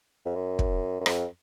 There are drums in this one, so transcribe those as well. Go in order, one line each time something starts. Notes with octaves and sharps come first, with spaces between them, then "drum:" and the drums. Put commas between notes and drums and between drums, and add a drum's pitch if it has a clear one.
F2
F#2
drum: kick
F#2
F2, drum: rim click